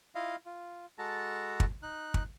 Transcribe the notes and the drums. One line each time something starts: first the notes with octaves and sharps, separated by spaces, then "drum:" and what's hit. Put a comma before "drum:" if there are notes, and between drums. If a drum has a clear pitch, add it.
E4 F4 D#5 F5
F4
G#3 F#4 A4 A5 A#5
drum: kick
D#4 F#6
drum: kick